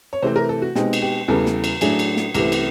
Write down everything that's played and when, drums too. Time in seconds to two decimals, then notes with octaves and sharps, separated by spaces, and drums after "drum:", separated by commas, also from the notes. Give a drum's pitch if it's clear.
0.13 C#5
0.22 C3 E3 A3 C4 C5
0.36 A#4
0.49 A4
0.62 F#4
0.75 B2 G#3 C4 D#4 G4, drum: snare
0.93 drum: cymbal
1.02 G4
1.28 E2 C#3 E3 G3 A4
1.46 drum: snare
1.64 drum: cymbal
1.81 A2 F#3 A3 D4 G#4, drum: cymbal
1.99 drum: cymbal
2.17 drum: snare
2.34 C2 C3 E3 A3, drum: cymbal
2.52 drum: cymbal